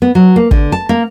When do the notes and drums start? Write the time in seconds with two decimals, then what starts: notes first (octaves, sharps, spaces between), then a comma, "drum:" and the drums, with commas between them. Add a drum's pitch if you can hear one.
0.02 B3
0.15 F#3
0.36 A#3
0.51 D3, drum: kick
0.72 A5
0.89 A#3